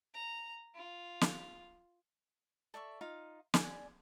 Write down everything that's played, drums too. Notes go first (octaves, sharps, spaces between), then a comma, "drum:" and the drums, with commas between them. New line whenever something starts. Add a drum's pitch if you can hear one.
A#5
F4
drum: snare
A4 D5 E5 C#6
D#4 F4 F5
D5 G#5, drum: snare